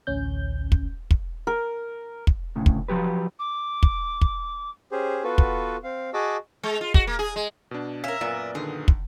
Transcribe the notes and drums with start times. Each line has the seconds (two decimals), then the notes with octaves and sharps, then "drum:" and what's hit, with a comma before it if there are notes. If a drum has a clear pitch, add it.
0.07 A1 D2 C#4 G6
0.72 drum: kick
1.11 drum: kick
1.47 A#4
2.27 drum: kick
2.56 D2 A2 C#3
2.66 drum: kick
2.88 F3 F#3 G4 B4
3.39 D6
3.83 drum: kick
4.21 drum: kick
4.92 C#4 G4 G#4 C5
5.24 B3 F4 F#4 A4 B4
5.38 drum: kick
5.83 C4 F5
6.14 F#4 G#4 D#5 A5 D6 E6
6.63 G#3
6.81 F4
6.94 F#4, drum: kick
7.07 A#3
7.19 G#4
7.36 G#3
7.71 B2 D4
8.04 C#4 A#4 E5 F5
8.21 F#2 A#2 B3 D5
8.55 D3 D#3 G#4
8.88 drum: kick